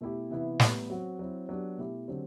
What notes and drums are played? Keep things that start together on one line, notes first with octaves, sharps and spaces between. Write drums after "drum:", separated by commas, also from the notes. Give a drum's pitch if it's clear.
B2 A3 E4 G4
C3 E3 B3 E4
A2 G3 B3, drum: snare
F#3 C4 F#4
F#3 C4 E4
F#3 B3 D4 G4
B2 A3 E4 G4
D3 F#3 C4 G4